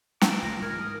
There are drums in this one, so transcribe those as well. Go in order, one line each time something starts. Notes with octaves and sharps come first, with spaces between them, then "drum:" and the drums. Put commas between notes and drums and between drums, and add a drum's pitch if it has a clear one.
D6, drum: snare
C#2 F4 A#6
G#2 E3 G#3 A#4 G#5 F6
D#6